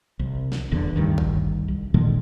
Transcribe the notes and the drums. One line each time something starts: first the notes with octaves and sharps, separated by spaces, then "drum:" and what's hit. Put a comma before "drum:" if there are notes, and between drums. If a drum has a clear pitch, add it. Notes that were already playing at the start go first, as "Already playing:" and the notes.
C2
drum: snare
D#1 E2 D3
D2 G2 D#3
drum: kick
C2
A#2 D3 D#3 G#3